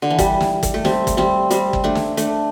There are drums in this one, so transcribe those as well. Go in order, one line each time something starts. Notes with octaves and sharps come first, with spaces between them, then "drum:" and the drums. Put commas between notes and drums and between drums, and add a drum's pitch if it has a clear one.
D3
E3
G3, drum: kick, hi-hat
drum: snare
drum: kick, hi-hat
A3
G3 C4, drum: snare
drum: kick, hi-hat
G3 C4
G3 C4, drum: hi-hat
drum: kick
A3 D4
drum: snare
A3 D4, drum: hi-hat